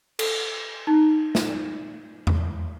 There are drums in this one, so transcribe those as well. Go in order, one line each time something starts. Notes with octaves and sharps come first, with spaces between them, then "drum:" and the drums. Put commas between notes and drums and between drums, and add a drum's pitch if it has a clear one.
A4, drum: cymbal
D#4
drum: snare
drum: tom E2